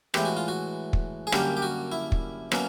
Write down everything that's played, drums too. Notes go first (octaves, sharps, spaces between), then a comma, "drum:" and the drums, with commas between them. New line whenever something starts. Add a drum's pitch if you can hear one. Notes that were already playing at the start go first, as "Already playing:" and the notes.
A2 E3 G#3 B3 G4, drum: rim click
F#4
F4
F#4
drum: kick
G#4
F#2 D3 G3 A#3 C#4 G4, drum: rim click
G4
F#4
E4
drum: kick
B2 F#3 A#3 C#4, drum: rim click